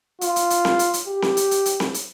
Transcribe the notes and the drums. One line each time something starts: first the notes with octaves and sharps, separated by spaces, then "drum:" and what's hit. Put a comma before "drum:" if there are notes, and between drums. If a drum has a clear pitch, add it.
F4, drum: hi-hat
drum: hi-hat
drum: hi-hat
drum: snare C4
drum: hi-hat
drum: hi-hat
G4
drum: snare C4
drum: hi-hat
drum: hi-hat
drum: hi-hat
drum: snare C4
drum: hi-hat